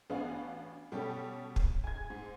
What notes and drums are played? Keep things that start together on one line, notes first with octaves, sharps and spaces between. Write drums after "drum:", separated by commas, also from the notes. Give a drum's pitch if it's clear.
A1 B3 D4 F#4 F5 G#5
B2 G3 C#4 G4 A4
drum: kick
G#5 G#6
G#2